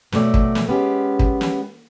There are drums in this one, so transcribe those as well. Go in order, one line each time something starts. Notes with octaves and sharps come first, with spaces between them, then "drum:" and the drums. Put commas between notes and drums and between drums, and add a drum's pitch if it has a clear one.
B2 F#3 A3 D5 G5, drum: snare
drum: kick
drum: snare
G#3 B3 C#4 G4
drum: kick
drum: snare